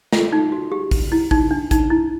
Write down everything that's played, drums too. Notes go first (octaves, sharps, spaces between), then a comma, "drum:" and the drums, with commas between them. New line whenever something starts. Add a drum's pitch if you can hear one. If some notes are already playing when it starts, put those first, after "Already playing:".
F4, drum: snare
D#4
F#4
G4
drum: kick A#1, open hi-hat
E4
D#4, drum: kick A#1
D4
D#4, drum: kick A#1, hi-hat
E4